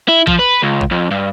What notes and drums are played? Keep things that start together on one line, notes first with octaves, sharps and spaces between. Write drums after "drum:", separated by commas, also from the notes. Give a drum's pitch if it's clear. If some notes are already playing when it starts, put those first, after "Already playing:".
E4
F3, drum: kick A#1
B4
C#2
drum: kick A#1
F2
G2